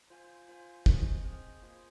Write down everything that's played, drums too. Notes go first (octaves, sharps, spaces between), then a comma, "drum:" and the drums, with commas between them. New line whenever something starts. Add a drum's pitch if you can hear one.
F4 C5 F5 G#5
F4 C5 F5 G#5
C4 G#4 C5 D#5 G#5, drum: kick
C4 G#4 C5 D#5 G#5
A#3 F4 G#4 C5 G#5